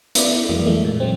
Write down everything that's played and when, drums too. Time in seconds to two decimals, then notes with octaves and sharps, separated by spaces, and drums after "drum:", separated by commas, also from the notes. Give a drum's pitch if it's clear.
0.15 B3 E4 D5, drum: hi-hat
0.49 F2 E3 F#3 G#3 A#3
0.66 G#3 A3
0.84 A#2
1.00 E3 F#3 C4